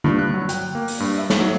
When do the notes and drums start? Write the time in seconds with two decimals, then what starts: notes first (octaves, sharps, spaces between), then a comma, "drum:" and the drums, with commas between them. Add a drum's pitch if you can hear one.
0.04 G2, drum: tom D3
0.19 F#6
0.34 F#3
0.49 G5, drum: hi-hat
0.75 A#3
0.88 drum: open hi-hat
1.00 G2
1.18 E5
1.30 drum: snare
1.40 F#3